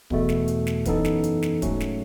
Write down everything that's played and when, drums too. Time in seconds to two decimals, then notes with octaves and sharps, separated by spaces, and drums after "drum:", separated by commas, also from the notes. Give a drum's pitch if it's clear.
0.10 E2 B2 A3, drum: kick
0.29 drum: snare
0.48 drum: hi-hat
0.67 drum: snare
0.85 F#2 E3 B3 D#4 A4, drum: kick, hi-hat
1.05 drum: snare
1.24 drum: hi-hat
1.42 drum: snare
1.62 G#2 F#3 A3 C#4, drum: kick, hi-hat
1.80 drum: snare